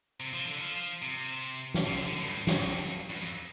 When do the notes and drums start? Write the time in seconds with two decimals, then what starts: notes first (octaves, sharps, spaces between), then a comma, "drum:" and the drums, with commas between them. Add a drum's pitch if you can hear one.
0.20 C3
0.34 F3
0.47 D3
0.61 F3
1.02 C3
1.74 drum: snare
1.86 C3
1.96 D3
2.06 D3
2.17 A2
2.27 G2
2.47 F2, drum: snare
3.10 G2
3.21 F2